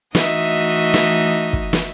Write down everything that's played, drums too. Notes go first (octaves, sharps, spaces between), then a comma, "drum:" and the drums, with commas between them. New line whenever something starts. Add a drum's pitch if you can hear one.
E3 A3 D#4 F#4 D#5 E5, drum: snare
drum: snare
drum: kick
drum: snare